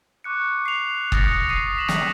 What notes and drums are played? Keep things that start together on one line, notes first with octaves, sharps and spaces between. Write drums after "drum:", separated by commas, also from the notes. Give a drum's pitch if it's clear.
C#6 D6 F#6 C#7
C7 F7
D#6 A6 A#6 C#7, drum: kick F#1
D#6 C7 D#7 F7
B6 E7 F#7
drum: snare